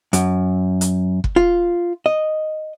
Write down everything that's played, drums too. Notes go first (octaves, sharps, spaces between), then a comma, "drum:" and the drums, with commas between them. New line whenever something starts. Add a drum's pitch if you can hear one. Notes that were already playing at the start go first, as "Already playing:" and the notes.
F#2, drum: hi-hat
drum: hi-hat
drum: kick
F4
D#5